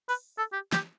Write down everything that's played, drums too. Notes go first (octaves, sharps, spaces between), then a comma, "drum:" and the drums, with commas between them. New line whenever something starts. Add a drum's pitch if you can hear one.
B4, drum: open hi-hat
A4
G4
G4, drum: snare